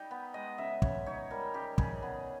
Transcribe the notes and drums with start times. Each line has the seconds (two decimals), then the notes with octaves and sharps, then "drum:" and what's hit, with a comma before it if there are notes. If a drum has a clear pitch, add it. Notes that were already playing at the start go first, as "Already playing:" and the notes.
Already playing: G3 D#4 G4 G5
0.11 B3
0.34 G#3 D#5
0.58 C#3 E5
0.82 C#3 C#5, drum: kick
1.06 D#4 C#5
1.31 G3 A#4
1.54 C#3 G4
1.78 C#3 G#4, drum: kick
2.03 B3